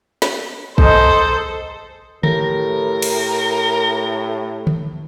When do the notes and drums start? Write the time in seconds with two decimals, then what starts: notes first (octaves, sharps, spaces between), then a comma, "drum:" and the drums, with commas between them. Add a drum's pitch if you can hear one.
0.22 drum: snare
0.78 D#4 G#4 A4 C5 D#5, drum: kick
2.23 A2 G4 A4 A#4, drum: tom
3.02 drum: cymbal
4.67 drum: tom